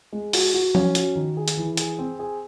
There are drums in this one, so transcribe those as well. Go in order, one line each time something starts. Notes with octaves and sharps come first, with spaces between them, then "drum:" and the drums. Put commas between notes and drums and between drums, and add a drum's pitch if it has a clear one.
G#3
F#4, drum: open hi-hat
F#4
C#4, drum: tom F3
F#4, drum: hi-hat
D#3
G#4
drum: hi-hat
E3
G#4, drum: hi-hat
C4
G#4